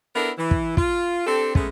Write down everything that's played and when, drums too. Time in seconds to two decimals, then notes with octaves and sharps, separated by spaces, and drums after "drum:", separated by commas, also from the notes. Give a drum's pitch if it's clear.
0.15 B3 D4 E4 A4 A#4
0.38 E3
0.51 drum: kick
0.77 F4, drum: kick
1.26 C4 D4 G4 A4
1.55 G#3 A3 B3 C#4, drum: kick